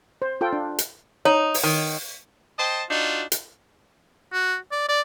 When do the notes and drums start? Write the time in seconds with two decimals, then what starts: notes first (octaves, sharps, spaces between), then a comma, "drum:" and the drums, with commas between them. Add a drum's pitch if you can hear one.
0.22 C5
0.41 F4 A4 G5
0.53 D4
0.79 drum: hi-hat
1.25 D#4 C#5
1.54 drum: open hi-hat
1.63 D#3
2.58 C5 D#5 G5 A5
2.90 D4 D#4 F4 F#4
3.32 drum: hi-hat
4.33 F#4
4.71 D5
4.88 D5